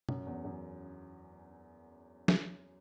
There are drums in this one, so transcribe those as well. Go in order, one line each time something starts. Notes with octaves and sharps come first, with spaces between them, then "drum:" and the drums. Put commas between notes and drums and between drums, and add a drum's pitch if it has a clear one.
F#2, drum: tom
E2
F#2
drum: snare